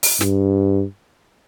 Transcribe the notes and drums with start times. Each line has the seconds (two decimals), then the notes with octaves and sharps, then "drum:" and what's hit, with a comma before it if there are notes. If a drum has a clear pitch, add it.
0.03 drum: open hi-hat
0.21 G2, drum: snare